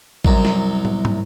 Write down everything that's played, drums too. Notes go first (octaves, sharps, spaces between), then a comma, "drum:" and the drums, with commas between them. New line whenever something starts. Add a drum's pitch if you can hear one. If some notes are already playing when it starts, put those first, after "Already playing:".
C2 F#2, drum: kick A1
drum: snare
drum: tom
drum: tom